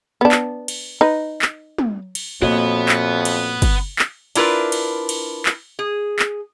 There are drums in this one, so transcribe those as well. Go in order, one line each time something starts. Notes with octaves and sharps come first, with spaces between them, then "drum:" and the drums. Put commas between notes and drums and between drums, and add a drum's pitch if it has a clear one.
B3 D4
drum: clap
drum: cymbal
D#4 B4
drum: clap
drum: tom
drum: cymbal
F2 A#2 B3 F#4 C#5 D#5
drum: clap
drum: cymbal
drum: kick G1, cymbal
drum: clap
D4 E4 F4 A#4 B4, drum: cymbal
drum: cymbal
drum: cymbal
drum: clap
G#4
drum: clap